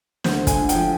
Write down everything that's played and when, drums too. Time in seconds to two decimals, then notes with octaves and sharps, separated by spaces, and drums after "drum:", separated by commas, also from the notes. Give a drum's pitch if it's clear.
0.24 D2 C5, drum: snare
0.41 D3
0.47 G#5, drum: kick, hi-hat
0.58 D2
0.69 G5, drum: hi-hat
0.75 F3